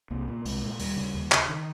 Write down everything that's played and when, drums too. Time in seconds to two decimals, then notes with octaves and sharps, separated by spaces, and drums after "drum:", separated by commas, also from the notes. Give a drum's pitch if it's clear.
0.11 C2 A#3
0.28 A#2 A#3
0.45 C2 G#3, drum: open hi-hat
0.63 A#2
0.79 D#2 G3, drum: open hi-hat
0.96 C#3
1.14 D#2
1.32 C#3, drum: clap
1.48 D#3